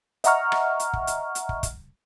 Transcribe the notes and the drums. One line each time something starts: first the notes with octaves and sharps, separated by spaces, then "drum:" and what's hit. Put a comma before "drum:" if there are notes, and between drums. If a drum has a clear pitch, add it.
D#5 E5 F#5 A#5 C#6 F6, drum: hi-hat
drum: rim click
drum: hi-hat
drum: kick
drum: hi-hat
drum: hi-hat
drum: kick
drum: kick, hi-hat